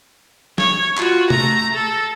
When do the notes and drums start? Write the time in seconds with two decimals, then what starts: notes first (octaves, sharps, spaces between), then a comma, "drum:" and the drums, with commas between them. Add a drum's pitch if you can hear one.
0.58 C#5, drum: snare
0.97 F4 F#4, drum: clap
1.30 A3 A#5, drum: tom C3
1.72 A4